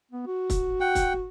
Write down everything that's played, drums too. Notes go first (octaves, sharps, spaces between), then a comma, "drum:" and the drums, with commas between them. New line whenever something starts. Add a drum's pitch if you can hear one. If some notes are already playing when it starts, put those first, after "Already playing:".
B3
F#4
drum: kick, hi-hat
F#5 G5
drum: kick, hi-hat